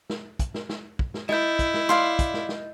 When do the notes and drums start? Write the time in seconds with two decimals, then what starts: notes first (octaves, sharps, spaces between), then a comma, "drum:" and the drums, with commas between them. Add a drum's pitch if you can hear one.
0.10 drum: snare
0.39 drum: kick, hi-hat
0.54 drum: snare
0.69 drum: snare
0.99 drum: kick
1.14 drum: snare
1.29 E4 D#5 G6, drum: snare
1.59 drum: kick, hi-hat
1.74 drum: snare
1.89 D5 F5 C6, drum: snare
2.19 drum: kick, hi-hat
2.34 drum: snare
2.49 drum: snare